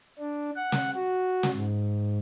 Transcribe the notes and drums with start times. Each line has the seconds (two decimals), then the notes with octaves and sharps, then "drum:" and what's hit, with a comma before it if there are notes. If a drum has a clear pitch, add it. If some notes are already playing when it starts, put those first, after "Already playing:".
0.19 D4
0.56 F#5
0.72 drum: snare
0.95 F#4
1.43 drum: snare
1.52 G#2